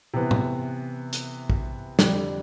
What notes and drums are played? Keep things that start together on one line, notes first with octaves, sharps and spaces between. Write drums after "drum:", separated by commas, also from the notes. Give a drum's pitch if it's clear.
C3 E3 B3
drum: tom A2
drum: hi-hat
drum: kick
F2 D3 G3 D4, drum: snare